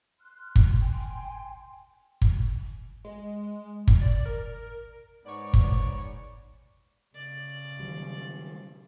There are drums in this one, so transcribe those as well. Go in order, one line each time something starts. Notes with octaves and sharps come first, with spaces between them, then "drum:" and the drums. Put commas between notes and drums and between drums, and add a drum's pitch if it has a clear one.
C6 F6 F#6
drum: kick
G5 G#5 C6
drum: kick
G#3
drum: kick
D5
A#4
G#2 B3 C#5 D5
drum: kick
C#3 D5
D#3 F#3 G3